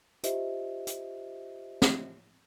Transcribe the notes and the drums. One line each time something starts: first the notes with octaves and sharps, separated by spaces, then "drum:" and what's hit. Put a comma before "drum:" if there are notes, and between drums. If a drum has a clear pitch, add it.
F4 G4 C5 D#5 E5, drum: hi-hat
drum: hi-hat
drum: snare